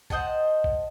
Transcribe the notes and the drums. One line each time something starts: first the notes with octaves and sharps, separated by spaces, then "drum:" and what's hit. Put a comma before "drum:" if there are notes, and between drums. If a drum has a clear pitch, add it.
C5 D#5 F#5 A5, drum: kick
drum: kick